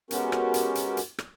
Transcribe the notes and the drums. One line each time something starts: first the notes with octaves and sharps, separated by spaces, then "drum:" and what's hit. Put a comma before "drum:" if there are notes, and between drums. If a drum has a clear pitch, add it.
G#3 B3 C#4 F#4 G4 A#4, drum: hi-hat
drum: rim click
drum: hi-hat
drum: hi-hat
drum: hi-hat
drum: rim click